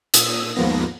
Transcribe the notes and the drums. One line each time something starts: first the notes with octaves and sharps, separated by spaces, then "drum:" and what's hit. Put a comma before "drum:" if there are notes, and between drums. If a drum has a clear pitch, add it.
A#2 D#6 E6, drum: hi-hat
D#2 G#2 F3 A#3 B3 A#6